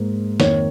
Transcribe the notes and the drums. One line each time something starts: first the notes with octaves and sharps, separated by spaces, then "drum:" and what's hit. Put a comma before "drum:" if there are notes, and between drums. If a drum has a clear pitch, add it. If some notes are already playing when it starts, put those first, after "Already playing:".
Already playing: G#2 A#3
F2 D#3 A#3 C#5, drum: snare